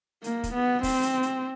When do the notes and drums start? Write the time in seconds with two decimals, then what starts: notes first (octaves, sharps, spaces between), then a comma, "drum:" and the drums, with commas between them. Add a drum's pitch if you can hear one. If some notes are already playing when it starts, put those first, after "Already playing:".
0.24 A#3, drum: hi-hat
0.44 drum: kick, hi-hat
0.54 B3
0.83 C4, drum: kick, open hi-hat
1.03 drum: hi-hat
1.23 drum: hi-hat